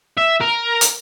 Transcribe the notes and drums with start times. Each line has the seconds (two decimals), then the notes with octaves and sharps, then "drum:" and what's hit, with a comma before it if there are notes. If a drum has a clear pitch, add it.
0.17 E5
0.41 A#4
0.81 drum: hi-hat